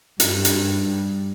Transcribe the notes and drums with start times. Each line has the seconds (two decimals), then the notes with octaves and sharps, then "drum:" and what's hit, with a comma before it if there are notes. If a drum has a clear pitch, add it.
0.20 G2, drum: hi-hat
0.45 drum: hi-hat